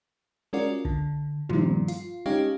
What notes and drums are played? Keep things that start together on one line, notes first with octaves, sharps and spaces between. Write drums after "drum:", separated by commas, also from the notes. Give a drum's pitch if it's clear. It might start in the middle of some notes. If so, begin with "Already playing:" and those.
G#3 C#4 F4 F#4 A#4 D5
D3, drum: kick
G2 A#2 D#3 F3 G3, drum: tom
F4, drum: hi-hat
G#3 C#4 D#4 G4 C#5 F5